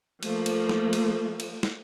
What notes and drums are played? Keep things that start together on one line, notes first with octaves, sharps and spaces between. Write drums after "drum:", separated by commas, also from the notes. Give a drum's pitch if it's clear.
F3 A3 A#3, drum: cymbal
drum: cymbal
drum: snare
drum: cymbal
drum: cymbal
drum: snare